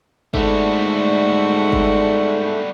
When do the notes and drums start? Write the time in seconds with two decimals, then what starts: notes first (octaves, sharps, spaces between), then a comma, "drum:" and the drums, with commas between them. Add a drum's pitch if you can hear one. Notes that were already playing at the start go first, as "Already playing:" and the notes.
0.34 G#2 G3 A3 B3 F#4 D5, drum: kick G1
1.72 drum: kick G1